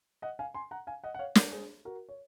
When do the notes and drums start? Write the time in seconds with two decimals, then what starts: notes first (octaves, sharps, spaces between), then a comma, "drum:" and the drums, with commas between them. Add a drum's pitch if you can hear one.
0.22 D#5 F#5
0.39 F5 G#5
0.54 G#5 C6
0.71 F#5 A#5
0.87 F5 G#5
1.04 D#5 F#5
1.15 F#5
1.19 C#5 F5
1.35 A#4 C#5, drum: snare
1.52 G#4 C5
1.85 F#4 A#4
2.09 C#5